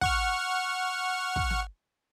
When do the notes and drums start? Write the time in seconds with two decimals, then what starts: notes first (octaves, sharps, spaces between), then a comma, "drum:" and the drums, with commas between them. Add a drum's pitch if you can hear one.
0.01 F#5 C#6 F6, drum: kick
1.36 drum: kick
1.50 drum: snare